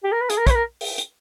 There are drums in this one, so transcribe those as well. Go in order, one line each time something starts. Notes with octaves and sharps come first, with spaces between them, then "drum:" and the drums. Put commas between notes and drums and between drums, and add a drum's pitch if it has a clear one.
G4
A#4
B4
G#4, drum: hi-hat
A#4
C#5, drum: kick, hi-hat
B4
A#4
drum: open hi-hat
drum: hi-hat